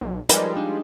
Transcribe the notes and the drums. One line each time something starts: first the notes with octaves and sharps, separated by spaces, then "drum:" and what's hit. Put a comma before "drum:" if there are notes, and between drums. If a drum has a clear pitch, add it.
B1
F3 G3 G#3 D#4 A#4 B4, drum: hi-hat
D4 D#4